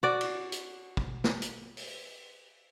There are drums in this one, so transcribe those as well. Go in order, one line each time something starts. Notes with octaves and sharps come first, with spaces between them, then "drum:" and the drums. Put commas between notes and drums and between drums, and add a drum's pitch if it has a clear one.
F#4 D5
drum: cymbal
drum: hi-hat
drum: kick
drum: snare
drum: hi-hat
drum: open hi-hat